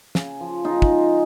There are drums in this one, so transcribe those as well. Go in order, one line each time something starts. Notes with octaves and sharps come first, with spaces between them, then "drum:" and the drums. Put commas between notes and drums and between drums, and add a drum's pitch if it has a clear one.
C#3, drum: snare
F3
C#3 D#4 F4
drum: kick
G#3